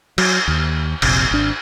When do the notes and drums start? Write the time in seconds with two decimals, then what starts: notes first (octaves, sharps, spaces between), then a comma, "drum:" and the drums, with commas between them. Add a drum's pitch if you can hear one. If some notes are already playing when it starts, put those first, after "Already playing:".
0.18 F#3, drum: cymbal
0.48 D#2
1.02 F1 A#1 C3, drum: cymbal
1.31 G#1 D4